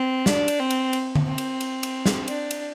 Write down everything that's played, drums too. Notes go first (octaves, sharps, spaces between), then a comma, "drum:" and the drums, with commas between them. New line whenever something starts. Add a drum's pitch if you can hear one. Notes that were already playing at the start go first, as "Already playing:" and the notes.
Already playing: C4
D4, drum: snare
drum: cymbal
C4
drum: cymbal
drum: cymbal
drum: tom D3
C4
drum: cymbal
drum: cymbal
drum: cymbal
drum: snare
D4, drum: cymbal
drum: cymbal